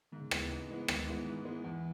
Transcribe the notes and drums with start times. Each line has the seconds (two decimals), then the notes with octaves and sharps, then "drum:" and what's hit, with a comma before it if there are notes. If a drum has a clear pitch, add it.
0.12 G#2 D#3
0.20 C#3
0.31 C#3 E3 G#3 B3, drum: rim click
0.50 G#2
0.70 E3 G#3 B3
0.88 G#2 D#3, drum: rim click
1.07 E3 G#3 B3
1.26 G#2
1.45 E3 G#3 B3
1.64 E2 E3